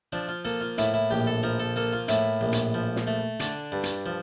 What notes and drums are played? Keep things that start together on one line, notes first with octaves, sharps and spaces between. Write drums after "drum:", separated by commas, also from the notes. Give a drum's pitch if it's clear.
F3 D4
F4
A#3 A4
F4
A2 E4, drum: hi-hat
E4
A#1 G4
A4
F3 A#4
A4
A#3 A4
F4
A2 E4, drum: hi-hat
A#1
drum: hi-hat
F3
drum: snare
A3
D3 D4, drum: hi-hat
G2
drum: hi-hat
F3